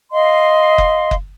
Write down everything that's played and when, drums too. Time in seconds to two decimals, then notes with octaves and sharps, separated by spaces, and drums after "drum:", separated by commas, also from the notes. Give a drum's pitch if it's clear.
0.13 D#5 F5 C6
0.78 drum: kick F#1
1.11 drum: kick F#1